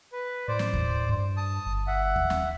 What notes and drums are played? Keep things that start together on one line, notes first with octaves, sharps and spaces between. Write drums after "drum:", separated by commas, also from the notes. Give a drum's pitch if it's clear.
B4
A2 C5 D5
drum: snare
drum: kick D#2
G2
A5 D#6
G1
E5 F#5
drum: kick D#2
drum: snare